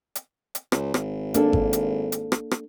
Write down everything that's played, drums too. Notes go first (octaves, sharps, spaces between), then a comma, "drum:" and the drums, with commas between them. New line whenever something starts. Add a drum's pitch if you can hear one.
drum: hi-hat
drum: hi-hat
C#2, drum: rim click
G#1, drum: rim click
A#3 D4 A4, drum: hi-hat
drum: kick G#1
drum: hi-hat
drum: hi-hat
drum: rim click
drum: rim click